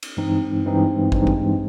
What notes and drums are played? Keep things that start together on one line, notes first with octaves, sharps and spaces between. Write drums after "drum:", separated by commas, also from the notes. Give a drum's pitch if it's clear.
drum: cymbal
G2 E3 G#3 C4 D#4
G2 E3 G#3 C4 D#4
G2 E3 G#3 C4 D#4, drum: kick
drum: kick